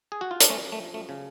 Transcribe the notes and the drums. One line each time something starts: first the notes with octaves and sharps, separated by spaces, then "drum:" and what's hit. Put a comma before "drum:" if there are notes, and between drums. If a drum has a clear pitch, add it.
G#4
F#4
F4
D4, drum: hi-hat
F#2 A3 C#4
F#2
A3
F3
F#2 A3
C#3